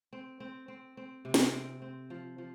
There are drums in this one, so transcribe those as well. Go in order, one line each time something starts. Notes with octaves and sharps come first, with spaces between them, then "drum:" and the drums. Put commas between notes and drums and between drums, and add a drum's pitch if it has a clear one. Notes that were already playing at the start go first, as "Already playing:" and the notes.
C4
C4
C4
C4
C3
drum: snare
C4
C4
F3
F3